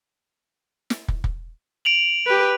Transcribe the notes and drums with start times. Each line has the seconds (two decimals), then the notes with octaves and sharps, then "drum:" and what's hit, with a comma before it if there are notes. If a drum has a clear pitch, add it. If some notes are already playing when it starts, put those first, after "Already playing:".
0.90 drum: snare
1.08 drum: kick
1.24 drum: kick
1.85 D7 F7 F#7
2.27 G4 B4